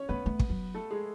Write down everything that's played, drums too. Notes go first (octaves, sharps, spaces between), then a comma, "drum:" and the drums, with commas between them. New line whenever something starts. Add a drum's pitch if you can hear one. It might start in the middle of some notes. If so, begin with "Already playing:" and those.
Already playing: C#4 C#5
A3 B3 B4
A3
drum: kick
F#3
A3 A4
G#3 G#4